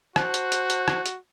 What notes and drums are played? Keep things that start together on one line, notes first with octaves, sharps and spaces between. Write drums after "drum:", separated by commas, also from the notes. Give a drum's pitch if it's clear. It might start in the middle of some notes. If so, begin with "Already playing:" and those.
F#4 C5 A5 F#6, drum: rim click
drum: hi-hat
drum: hi-hat
drum: hi-hat
drum: rim click
drum: hi-hat